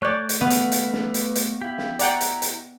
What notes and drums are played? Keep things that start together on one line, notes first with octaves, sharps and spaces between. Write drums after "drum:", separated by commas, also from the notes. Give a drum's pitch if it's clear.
A3 C#5 D5 F#6 G6
drum: hi-hat
G3 A3 B3 B4 F5
drum: hi-hat
drum: hi-hat
drum: snare
drum: hi-hat
drum: hi-hat
E4 G4 F5
drum: snare
D5 F#5 G5 A#5, drum: hi-hat
drum: hi-hat
drum: hi-hat